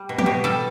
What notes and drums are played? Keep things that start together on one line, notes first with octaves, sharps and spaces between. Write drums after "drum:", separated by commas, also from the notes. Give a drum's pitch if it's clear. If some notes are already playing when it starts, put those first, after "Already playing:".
Already playing: G3
B2
G4, drum: tom
B2
G3 A4